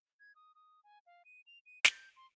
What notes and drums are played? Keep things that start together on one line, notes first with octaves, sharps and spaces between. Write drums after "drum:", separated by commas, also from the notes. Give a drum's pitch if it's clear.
G#6
D#6
D#6
G#5
F5
D#7
F7
D#7
G6, drum: snare
C6